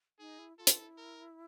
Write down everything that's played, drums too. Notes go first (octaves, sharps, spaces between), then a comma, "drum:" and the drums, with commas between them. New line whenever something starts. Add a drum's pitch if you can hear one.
D#4 G#4
E4
F4 A4
drum: hi-hat
E4
A#4